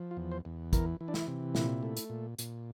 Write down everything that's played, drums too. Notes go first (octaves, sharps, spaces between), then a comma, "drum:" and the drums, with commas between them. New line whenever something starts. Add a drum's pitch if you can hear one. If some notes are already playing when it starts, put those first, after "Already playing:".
Already playing: F3
F4
E2
C5
E2
E3 A#4, drum: kick, hi-hat
E3
D4
E4, drum: snare
C3
A#2 E4, drum: snare
A3
drum: hi-hat
A#2
A#2, drum: hi-hat